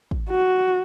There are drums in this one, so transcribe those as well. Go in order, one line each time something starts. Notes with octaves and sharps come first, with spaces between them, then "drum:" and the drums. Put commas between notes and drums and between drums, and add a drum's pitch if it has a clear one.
drum: kick
F#4